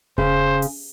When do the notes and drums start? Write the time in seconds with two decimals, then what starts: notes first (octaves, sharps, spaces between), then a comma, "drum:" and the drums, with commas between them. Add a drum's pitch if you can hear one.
0.18 C#3 C5, drum: kick E1
0.62 drum: open hi-hat